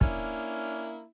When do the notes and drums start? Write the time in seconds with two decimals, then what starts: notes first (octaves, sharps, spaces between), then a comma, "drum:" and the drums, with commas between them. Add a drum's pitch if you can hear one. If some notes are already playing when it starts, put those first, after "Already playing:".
0.01 A#3 C#4 D4 E4, drum: kick